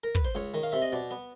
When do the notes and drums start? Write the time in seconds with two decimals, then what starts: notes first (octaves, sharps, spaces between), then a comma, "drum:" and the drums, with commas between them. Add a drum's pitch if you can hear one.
0.04 A#4
0.15 B4, drum: kick
0.25 C5
0.35 C#2 C#5
0.54 D#3
0.63 F5
0.72 C3 E5
0.82 D#5
0.92 B2 D5
1.11 B3